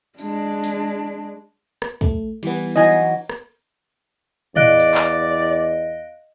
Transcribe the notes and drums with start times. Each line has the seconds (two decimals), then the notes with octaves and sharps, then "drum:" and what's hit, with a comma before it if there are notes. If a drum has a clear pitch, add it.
0.18 G#3 D4, drum: tambourine
0.64 drum: hi-hat
1.82 drum: rim click
2.01 A3, drum: kick
2.43 E3 G3 B3 E4, drum: cymbal
2.76 E3 F#3 D#4 D#5 G#5
3.30 drum: rim click
4.56 E2 D5 D#5 F5 F#6 D7, drum: tom A2
4.80 drum: hi-hat
4.95 drum: clap